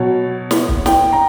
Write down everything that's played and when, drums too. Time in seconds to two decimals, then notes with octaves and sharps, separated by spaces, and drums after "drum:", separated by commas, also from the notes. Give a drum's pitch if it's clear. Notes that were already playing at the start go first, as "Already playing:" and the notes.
Already playing: B2 F#3 C#5
0.51 drum: snare
0.68 drum: kick
0.86 G5, drum: snare
1.12 A#5